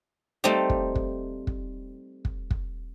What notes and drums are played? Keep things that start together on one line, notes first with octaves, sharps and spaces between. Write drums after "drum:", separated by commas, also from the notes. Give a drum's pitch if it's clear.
G3 A3 C4 D#4 G4
drum: kick
drum: kick
drum: kick
drum: kick
drum: kick